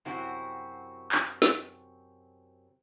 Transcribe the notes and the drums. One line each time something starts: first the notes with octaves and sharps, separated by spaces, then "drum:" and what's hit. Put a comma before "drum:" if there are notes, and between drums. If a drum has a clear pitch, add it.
F#2 C3 C4 E4 F#4
drum: clap
drum: snare